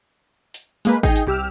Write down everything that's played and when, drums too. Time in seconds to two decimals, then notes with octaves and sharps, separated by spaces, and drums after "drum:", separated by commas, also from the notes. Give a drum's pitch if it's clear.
0.54 drum: hi-hat
0.85 G#3 A#3 B4, drum: hi-hat
1.03 D#4 G#4 G5, drum: kick G#1
1.16 drum: hi-hat
1.27 C2 G4 E6 F6